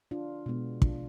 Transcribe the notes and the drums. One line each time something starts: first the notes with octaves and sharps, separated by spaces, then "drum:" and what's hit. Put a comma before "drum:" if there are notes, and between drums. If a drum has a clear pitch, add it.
D4 F4
B2 G#3 B3
D4 F4, drum: kick